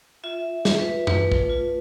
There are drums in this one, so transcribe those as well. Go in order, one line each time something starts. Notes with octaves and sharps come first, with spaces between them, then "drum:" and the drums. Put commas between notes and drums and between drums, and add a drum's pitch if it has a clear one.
F4 E5
F4, drum: snare
B4
A3 B4, drum: tom F#2
drum: kick A#1
F4